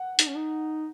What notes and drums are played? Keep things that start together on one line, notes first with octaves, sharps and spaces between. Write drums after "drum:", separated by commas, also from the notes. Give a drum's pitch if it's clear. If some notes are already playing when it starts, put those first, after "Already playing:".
Already playing: F#5
D#4, drum: hi-hat
C#4
D#4